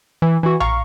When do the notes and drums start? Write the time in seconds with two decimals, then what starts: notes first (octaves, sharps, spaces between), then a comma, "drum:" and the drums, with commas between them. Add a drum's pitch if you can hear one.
0.22 E3
0.43 E3 F#4
0.60 F5 A#5 C#6, drum: tom A#1